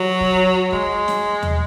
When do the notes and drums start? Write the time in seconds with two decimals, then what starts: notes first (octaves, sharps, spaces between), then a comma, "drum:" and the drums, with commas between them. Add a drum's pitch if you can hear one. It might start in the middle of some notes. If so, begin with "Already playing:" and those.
Already playing: F#3
0.21 drum: kick
0.72 G#3, drum: kick
1.08 drum: snare
1.43 drum: tom D#2